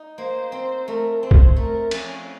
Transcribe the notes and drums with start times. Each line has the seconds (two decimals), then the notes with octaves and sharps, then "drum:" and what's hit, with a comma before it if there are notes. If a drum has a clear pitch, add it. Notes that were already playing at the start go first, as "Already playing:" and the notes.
Already playing: D#4
0.18 A#3 C5
0.52 C4 C5
0.88 A3 A#4
1.22 C4 C5
1.31 drum: kick
1.56 A3 A#4
1.91 F3 C#4, drum: cymbal